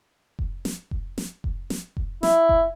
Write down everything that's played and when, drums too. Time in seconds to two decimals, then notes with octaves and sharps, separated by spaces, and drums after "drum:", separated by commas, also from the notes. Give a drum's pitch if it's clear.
0.39 drum: kick F1
0.65 drum: snare
0.91 drum: kick F1
1.18 drum: snare
1.44 drum: kick F1
1.70 drum: snare
1.97 drum: kick F1
2.23 E4, drum: snare
2.49 drum: kick F1